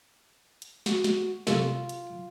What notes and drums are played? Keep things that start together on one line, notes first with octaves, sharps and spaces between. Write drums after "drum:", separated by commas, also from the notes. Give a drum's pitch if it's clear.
drum: hi-hat
F#4, drum: snare
drum: snare
C2 F4 A4, drum: snare
drum: hi-hat